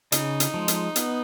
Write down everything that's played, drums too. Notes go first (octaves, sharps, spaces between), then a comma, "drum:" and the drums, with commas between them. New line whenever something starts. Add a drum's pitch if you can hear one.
C#3 D#4, drum: hi-hat
drum: hi-hat
F3 G#3
drum: hi-hat
B3, drum: hi-hat